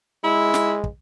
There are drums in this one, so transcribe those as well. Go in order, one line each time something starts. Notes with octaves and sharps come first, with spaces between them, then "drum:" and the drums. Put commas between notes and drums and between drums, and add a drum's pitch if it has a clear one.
G#3 E4
drum: snare
drum: kick